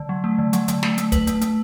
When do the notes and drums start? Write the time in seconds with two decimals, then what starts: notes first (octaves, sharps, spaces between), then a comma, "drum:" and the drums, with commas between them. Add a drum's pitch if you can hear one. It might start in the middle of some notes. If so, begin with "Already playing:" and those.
Already playing: D3
0.09 F#3
0.24 A3
0.39 D3
0.53 F#3, drum: hi-hat
0.68 D3, drum: hi-hat
0.83 A3, drum: snare
0.98 A3, drum: hi-hat
1.12 B4, drum: kick, hi-hat
1.27 A3, drum: hi-hat
1.41 A3, drum: hi-hat